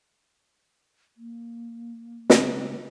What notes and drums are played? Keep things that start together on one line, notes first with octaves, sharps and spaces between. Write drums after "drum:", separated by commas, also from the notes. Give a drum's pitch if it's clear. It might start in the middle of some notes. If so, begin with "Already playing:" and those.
A#3
C#3 G#3 A#3, drum: snare